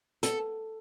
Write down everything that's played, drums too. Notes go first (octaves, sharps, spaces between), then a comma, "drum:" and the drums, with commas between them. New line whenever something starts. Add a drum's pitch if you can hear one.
A4, drum: hi-hat